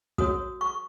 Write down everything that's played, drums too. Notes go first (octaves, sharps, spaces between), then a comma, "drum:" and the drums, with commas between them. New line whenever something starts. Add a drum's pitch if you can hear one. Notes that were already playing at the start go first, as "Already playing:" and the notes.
F#4 A#4 C#5 D#6, drum: kick
C#6